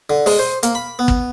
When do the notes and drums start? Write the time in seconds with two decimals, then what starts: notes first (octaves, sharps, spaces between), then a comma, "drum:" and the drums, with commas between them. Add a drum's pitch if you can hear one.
0.10 D3
0.26 G#3, drum: open hi-hat
0.39 C5
0.63 A#3, drum: hi-hat
0.75 B5
0.99 B3
1.08 drum: kick